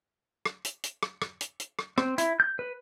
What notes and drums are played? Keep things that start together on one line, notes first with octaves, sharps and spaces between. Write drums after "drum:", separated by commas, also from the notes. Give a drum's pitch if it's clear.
drum: rim click
drum: hi-hat
drum: hi-hat
drum: rim click
drum: rim click
drum: hi-hat
drum: hi-hat
drum: rim click
C4, drum: rim click
E4, drum: hi-hat
G6
B4